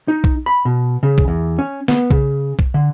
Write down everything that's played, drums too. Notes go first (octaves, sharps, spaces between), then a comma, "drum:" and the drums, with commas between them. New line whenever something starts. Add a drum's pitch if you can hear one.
D#4
drum: kick B1
B5
B2
C#3
drum: kick B1
E2
C#4
B3, drum: snare
C#3, drum: kick B1
drum: kick B1
D3